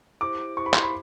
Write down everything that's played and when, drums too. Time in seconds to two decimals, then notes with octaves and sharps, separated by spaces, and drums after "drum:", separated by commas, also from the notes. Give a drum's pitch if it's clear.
0.21 E4 G4 C5 D6
0.57 E4 G4 C5 C#6
0.66 B5
0.74 C6, drum: clap
0.83 B5